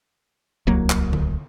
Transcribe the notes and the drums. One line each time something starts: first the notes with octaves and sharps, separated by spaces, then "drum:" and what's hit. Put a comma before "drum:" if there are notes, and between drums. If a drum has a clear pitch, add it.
D1 C2 F#3 A#3
drum: clap
drum: tom D3